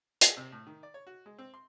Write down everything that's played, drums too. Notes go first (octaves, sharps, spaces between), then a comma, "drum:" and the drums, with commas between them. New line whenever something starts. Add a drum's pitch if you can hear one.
G#4, drum: hi-hat
C3
A2
D#3
D5
C#5
F#4
G#3
C4
C6